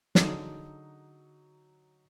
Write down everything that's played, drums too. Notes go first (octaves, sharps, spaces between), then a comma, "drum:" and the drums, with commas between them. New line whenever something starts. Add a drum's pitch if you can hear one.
D3 F#3 D#4 G#4, drum: snare